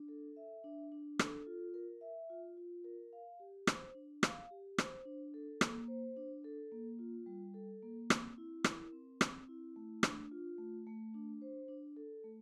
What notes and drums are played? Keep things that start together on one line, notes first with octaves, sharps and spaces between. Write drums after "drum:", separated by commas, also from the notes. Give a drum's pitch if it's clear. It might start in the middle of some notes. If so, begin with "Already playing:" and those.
Already playing: D4
A4
E5
D4
D4
A4, drum: rim click
F4
A#4
E5
F4
F4
A#4
F5
G4
C5, drum: rim click
D4
F5, drum: rim click
G4
C5, drum: rim click
D4
A4
A#3, drum: rim click
C5
D4
A4
A#3
F4
G3
A4
A#3
C4, drum: rim click
E4
A#4, drum: rim click
C4
C4, drum: rim click
E4
A3
D4, drum: rim click
F4
A3
A3
D4
C5
D4
A4
A3